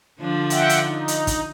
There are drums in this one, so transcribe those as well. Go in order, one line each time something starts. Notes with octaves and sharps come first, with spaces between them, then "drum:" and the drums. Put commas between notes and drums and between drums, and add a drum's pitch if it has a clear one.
D3 F3 D4
E5 F#5 G5, drum: hi-hat
drum: hi-hat
D#4
drum: hi-hat
drum: kick, hi-hat